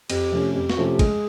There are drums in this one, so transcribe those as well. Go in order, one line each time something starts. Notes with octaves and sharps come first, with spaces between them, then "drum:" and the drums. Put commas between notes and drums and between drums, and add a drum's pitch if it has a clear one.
F2 G4, drum: cymbal
C3 F3 A3 C#4
F2 G4
F#4, drum: snare
C3 F3 A3 C#4
G4
G#3 G#4, drum: kick, cymbal